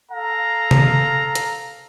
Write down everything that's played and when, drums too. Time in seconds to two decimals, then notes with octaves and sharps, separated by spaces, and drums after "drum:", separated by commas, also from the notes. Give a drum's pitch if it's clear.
0.11 A4 F5 A#5
0.71 drum: tom
1.35 drum: hi-hat